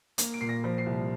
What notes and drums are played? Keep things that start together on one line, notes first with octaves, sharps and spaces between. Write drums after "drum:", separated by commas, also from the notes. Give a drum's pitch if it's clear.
A#3, drum: hi-hat
D7
A#2 C7
A#6
F3
C7
C2